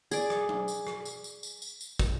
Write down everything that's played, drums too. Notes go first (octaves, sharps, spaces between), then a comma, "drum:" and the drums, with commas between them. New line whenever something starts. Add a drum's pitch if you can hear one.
G#4 D5, drum: tambourine
drum: rim click
drum: tom F#3
drum: tambourine
drum: rim click
drum: tambourine
drum: tambourine
drum: tambourine
drum: tambourine
drum: tambourine
drum: kick, tambourine